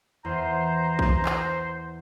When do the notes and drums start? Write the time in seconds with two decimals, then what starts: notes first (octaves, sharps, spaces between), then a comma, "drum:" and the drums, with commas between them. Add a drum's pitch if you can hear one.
0.25 E2 C5 A#5
0.99 drum: kick A#1
1.25 drum: clap